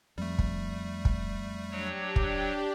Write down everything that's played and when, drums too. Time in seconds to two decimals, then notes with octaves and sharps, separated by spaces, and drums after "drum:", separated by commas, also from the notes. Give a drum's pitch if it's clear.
0.18 F2 G3 A3
0.39 drum: kick
1.05 drum: kick
1.71 F#3 D4 G4 C#5
2.16 drum: kick